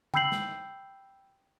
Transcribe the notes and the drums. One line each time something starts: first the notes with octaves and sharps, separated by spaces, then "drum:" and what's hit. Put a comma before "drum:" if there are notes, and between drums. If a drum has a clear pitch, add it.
G5 B5 E6 G6 C7 F#7, drum: tom C#3
drum: snare